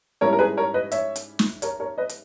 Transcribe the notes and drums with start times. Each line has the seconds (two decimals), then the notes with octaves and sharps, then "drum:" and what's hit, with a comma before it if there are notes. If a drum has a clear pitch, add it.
0.21 G#2 G3 C#4 E4 A#4 C#5
0.33 A#4
0.39 G#4 B4
0.57 A#4 C#5
0.74 B4 D#5
0.92 C#5 E5, drum: hi-hat
1.16 drum: hi-hat
1.39 drum: snare
1.62 A#4 C#5, drum: hi-hat
1.80 A#4 C#5
1.98 B4 D#5
2.09 drum: hi-hat